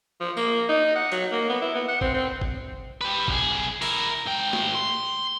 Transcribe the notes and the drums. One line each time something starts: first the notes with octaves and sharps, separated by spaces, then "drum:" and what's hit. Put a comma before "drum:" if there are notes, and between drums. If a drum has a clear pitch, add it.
F3
A#3, drum: tambourine
D#4
F#5
F#3, drum: hi-hat
A#3
B3
E4
B3
F#5
C4, drum: kick G#1
C4
drum: kick G#1
G4 B4
B1 G#4, drum: kick G#1
E4 A#4, drum: open hi-hat
G#2 G5
drum: snare
C6